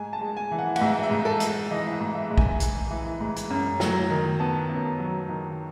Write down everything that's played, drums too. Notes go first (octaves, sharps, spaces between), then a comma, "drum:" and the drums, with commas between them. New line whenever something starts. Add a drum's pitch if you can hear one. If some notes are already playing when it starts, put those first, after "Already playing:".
Already playing: G#2 G#5
A5
G#3
G#5
E3
F#5
F#5, drum: cymbal
G#2 E5
E5
G#2
A4
G#3, drum: hi-hat
E3 D#5
E5
G#2
E5
G#2
G#5, drum: kick A#1
G#3, drum: hi-hat
E3
G#2
drum: hi-hat
F#2
F#3, drum: snare
D#3
B3 A5
F#2
F#3
D#3